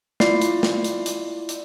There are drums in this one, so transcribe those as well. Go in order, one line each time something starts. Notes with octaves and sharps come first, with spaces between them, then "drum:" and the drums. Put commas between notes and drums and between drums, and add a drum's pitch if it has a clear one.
E4 F4 D5 C7, drum: snare
drum: hi-hat
drum: snare
drum: hi-hat
drum: hi-hat
drum: hi-hat